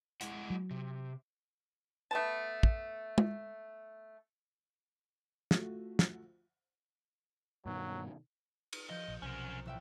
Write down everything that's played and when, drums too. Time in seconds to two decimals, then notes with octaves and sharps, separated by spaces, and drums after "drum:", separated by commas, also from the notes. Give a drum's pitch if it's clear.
0.21 G#3 E4 F#5, drum: hi-hat
0.50 F#3
0.71 C3
2.11 A3 B3 A5
2.63 drum: kick
3.18 drum: tom G#3
5.51 A3 F4 F#4, drum: snare
5.99 drum: snare
7.66 G2 B2 D#3 F#3
8.73 drum: cymbal
8.90 F3 D#5 G6
9.08 A#1
9.22 B1 C3 C#4 A#4 C5
9.66 A1 E5 G5